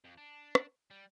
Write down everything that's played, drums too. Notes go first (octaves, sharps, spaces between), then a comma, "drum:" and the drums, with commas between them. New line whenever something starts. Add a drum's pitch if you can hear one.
F2
D4
drum: rim click
G3